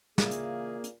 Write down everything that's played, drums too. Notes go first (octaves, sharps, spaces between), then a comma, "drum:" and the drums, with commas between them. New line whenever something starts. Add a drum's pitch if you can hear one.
A#2 C#3 E3 A#3 G#4 F5, drum: snare
drum: hi-hat
drum: hi-hat